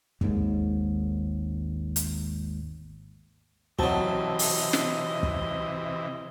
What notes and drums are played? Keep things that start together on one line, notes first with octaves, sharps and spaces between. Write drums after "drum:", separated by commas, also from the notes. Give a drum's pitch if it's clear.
G#1 D#2 G#2, drum: kick
drum: hi-hat
C3 E3 F#3 C4 F#4 D#5 A5, drum: kick
drum: open hi-hat
drum: snare
drum: kick